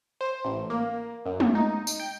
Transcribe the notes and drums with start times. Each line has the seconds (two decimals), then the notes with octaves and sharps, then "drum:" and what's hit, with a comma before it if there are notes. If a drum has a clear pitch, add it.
0.21 C5
0.45 A1
0.70 A#3
1.26 F#2
1.40 drum: tom
1.55 D#4
1.87 drum: tambourine
2.00 G5